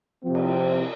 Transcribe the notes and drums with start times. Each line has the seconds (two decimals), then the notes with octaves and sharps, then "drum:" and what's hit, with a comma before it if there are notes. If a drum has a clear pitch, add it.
0.24 C3 F3 C4
0.35 drum: cymbal